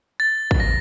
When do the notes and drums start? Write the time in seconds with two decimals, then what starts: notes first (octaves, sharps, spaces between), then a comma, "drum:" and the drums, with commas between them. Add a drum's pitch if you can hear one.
0.20 A6
0.51 drum: kick
0.60 A#6